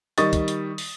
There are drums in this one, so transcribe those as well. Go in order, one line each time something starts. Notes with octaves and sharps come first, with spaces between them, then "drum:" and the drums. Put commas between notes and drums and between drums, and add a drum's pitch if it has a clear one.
D#3 G3 D#5 C#6 D#6 A6, drum: hi-hat
drum: kick, hi-hat
drum: hi-hat
drum: open hi-hat